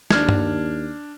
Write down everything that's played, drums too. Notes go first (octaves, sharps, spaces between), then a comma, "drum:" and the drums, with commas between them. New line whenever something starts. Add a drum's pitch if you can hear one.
D#2 D4 F6 G#6, drum: snare
drum: tom G2